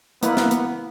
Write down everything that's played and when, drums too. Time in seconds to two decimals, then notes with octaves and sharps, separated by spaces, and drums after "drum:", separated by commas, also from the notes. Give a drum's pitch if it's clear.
0.23 A#3 B3 E4 B4, drum: hi-hat
0.37 drum: snare
0.51 drum: hi-hat